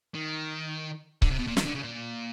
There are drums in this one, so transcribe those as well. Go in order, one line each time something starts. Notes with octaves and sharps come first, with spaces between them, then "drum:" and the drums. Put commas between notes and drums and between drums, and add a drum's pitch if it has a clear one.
D#3
D3, drum: kick C#1
C3
B2
A#2
D#3, drum: snare
D3
C#3
A#2